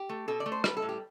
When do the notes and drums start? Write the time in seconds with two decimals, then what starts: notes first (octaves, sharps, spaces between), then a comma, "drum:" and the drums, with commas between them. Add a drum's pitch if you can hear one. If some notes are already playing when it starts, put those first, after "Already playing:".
Already playing: G4
0.09 A3
0.28 B2 A4
0.40 D5
0.46 A3
0.52 C5
0.64 G3 B4, drum: rim click
0.77 A4
0.82 A2
0.89 G4